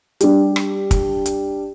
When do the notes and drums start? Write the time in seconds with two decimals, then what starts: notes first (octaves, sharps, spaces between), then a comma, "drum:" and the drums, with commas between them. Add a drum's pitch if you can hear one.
0.21 G3 D4 G4, drum: hi-hat
0.56 drum: rim click
0.91 drum: kick, hi-hat
1.26 drum: hi-hat